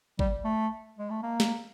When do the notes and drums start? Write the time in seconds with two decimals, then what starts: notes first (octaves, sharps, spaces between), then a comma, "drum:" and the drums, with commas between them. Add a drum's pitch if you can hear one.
0.19 G3, drum: kick
0.44 A3
0.98 G#3
1.10 A3
1.23 A#3
1.40 drum: snare